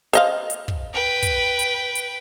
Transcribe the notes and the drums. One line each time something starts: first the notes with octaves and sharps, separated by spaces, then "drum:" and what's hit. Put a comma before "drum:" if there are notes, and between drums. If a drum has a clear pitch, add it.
C5 D#5 F5, drum: hi-hat
drum: hi-hat
drum: kick
B4 G5
drum: kick, hi-hat
drum: hi-hat
drum: hi-hat